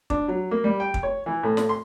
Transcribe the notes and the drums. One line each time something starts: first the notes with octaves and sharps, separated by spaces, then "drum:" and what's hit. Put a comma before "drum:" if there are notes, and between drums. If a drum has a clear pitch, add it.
D4, drum: kick
F#3
A#3
G3
G5
drum: kick
C#5
E3
A2
drum: snare
C6